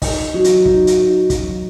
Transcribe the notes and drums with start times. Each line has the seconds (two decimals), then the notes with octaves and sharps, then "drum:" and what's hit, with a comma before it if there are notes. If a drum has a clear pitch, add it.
0.02 D#4, drum: kick, open hi-hat
0.34 F#3
0.44 drum: hi-hat
0.65 D#4, drum: kick
0.87 drum: hi-hat
0.98 D#4
1.30 F#3, drum: kick, hi-hat